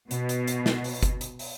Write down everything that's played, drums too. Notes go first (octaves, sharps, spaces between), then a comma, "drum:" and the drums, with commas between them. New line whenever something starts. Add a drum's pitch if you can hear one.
B2, drum: hi-hat
drum: hi-hat
drum: hi-hat
drum: snare
drum: open hi-hat
drum: kick, hi-hat
drum: hi-hat
drum: open hi-hat